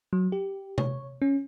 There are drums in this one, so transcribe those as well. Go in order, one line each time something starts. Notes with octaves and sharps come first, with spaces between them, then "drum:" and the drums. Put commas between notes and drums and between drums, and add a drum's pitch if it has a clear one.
F#3
G4
C#5, drum: tom C3
C#4